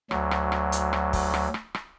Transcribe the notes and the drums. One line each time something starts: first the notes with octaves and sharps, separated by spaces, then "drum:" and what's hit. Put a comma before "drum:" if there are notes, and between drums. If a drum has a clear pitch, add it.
D2 F#3, drum: rim click
drum: rim click
drum: rim click
drum: hi-hat
drum: rim click
drum: kick, open hi-hat
drum: rim click
drum: rim click
drum: rim click